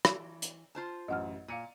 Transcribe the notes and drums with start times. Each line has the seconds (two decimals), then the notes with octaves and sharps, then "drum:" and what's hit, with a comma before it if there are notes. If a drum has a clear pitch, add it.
0.05 E3, drum: rim click
0.42 drum: hi-hat
0.75 F4 C5 A5
1.08 A1 F#2 D#5 F#5 F6
1.48 A#2 F5 C#7 D#7